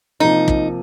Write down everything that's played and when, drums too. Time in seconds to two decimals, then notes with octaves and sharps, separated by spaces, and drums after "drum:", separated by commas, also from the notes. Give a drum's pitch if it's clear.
0.20 C3 F3 A#3 D#4
0.48 drum: kick